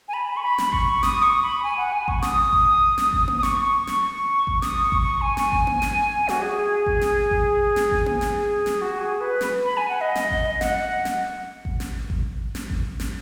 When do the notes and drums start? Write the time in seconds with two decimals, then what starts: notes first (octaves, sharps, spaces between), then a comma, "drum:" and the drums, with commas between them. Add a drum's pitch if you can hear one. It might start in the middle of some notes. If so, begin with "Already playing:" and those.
0.08 G#5
0.14 B5
0.37 C#6
0.43 B5
0.58 drum: snare
0.73 C#6, drum: kick G#1
1.03 D#6, drum: snare
1.23 C#6
1.42 B5
1.63 G#5
1.77 F#5
1.92 G#5
2.08 C#6, drum: kick G#1
2.22 D#6, drum: snare
2.53 drum: kick G#1
2.98 drum: snare
3.13 drum: kick G#1
3.28 drum: tom A#3
3.38 D#6
3.43 C#6, drum: snare
3.87 drum: snare
4.47 drum: kick G#1
4.62 D#6, drum: snare
4.82 C#6
4.92 drum: kick G#1
5.02 C#6
5.21 G#5
5.37 drum: snare
5.52 drum: kick G#1
5.67 drum: tom A#3
5.82 drum: snare
6.29 F#4, drum: snare
6.42 G#4
6.86 drum: kick G#1
7.01 drum: snare
7.31 drum: kick G#1
7.76 drum: snare
7.91 drum: kick G#1
8.06 drum: tom A#3
8.21 drum: snare
8.66 drum: snare
8.81 F#4
9.01 G#4
9.21 B4
9.41 drum: snare
9.65 B5
9.77 G#5
9.89 F#5
10.01 D#5
10.15 drum: snare
10.30 drum: kick G#1
10.50 D#5
10.61 F#5, drum: snare
11.05 drum: snare
11.65 drum: kick G#1
11.80 drum: snare
12.10 drum: kick G#1
12.55 drum: snare
12.70 drum: kick G#1
13.00 drum: snare